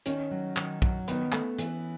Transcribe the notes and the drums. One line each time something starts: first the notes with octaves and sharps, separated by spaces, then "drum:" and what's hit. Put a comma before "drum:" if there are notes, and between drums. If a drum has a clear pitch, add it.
D#3 C#4, drum: hi-hat
F#3
D#3, drum: clap
F#3, drum: kick
D#3 B3, drum: hi-hat
A3, drum: clap
E3, drum: hi-hat